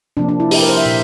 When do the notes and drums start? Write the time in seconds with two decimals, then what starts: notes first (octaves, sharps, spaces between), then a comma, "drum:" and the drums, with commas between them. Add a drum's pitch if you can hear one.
0.17 C3 F3 A#3 D4
0.29 D4
0.40 E4
0.51 G4, drum: open hi-hat
0.60 A#4
0.69 C5
0.77 E5
0.86 A#2